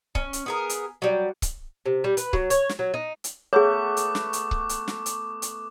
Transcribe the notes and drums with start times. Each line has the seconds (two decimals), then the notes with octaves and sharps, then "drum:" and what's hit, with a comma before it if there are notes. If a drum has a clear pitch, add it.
0.15 C#4, drum: kick C#1
0.33 drum: hi-hat
0.46 B3 G#4 A#4
0.69 drum: hi-hat
1.02 F#3 G3
1.42 drum: kick C#1, hi-hat
1.86 C3
2.04 G3
2.17 B4, drum: hi-hat
2.33 F#3, drum: kick C#1
2.50 C#5, drum: hi-hat
2.69 drum: snare
2.79 F#3
2.94 D#4
3.24 drum: hi-hat
3.53 A3 B3 G#4 C#5 D6
3.97 drum: hi-hat
4.15 drum: snare
4.33 drum: hi-hat
4.51 drum: kick C#1
4.69 drum: hi-hat
4.88 drum: snare
5.06 drum: hi-hat
5.42 drum: hi-hat